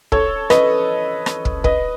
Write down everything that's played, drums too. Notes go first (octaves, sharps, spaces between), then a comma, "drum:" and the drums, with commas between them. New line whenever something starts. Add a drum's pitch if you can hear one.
A4 C#5, drum: kick
B4 D#5, drum: rim click
drum: rim click
drum: kick
B4 D#5, drum: kick